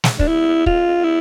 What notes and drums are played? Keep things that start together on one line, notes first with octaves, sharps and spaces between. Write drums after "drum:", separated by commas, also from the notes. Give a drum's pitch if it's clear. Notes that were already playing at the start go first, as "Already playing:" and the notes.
drum: snare
D4, drum: kick
E4
F4, drum: kick
E4